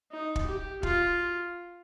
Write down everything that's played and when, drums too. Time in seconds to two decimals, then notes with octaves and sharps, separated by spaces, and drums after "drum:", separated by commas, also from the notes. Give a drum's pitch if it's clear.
0.12 D#4
0.36 drum: kick
0.47 G4
0.83 F4, drum: kick